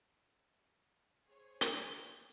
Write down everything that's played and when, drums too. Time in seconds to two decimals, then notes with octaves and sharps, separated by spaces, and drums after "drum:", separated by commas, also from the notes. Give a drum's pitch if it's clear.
1.26 G#4 C5 C#5
1.61 drum: hi-hat